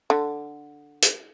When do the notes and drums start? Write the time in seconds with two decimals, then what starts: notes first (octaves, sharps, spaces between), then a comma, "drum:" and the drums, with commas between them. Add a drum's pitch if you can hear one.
0.10 D3
1.02 drum: hi-hat